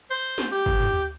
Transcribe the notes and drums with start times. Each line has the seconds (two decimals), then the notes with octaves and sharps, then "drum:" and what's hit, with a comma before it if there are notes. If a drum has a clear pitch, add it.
0.10 C5
0.38 drum: snare
0.52 G4
0.66 drum: kick
0.80 drum: tom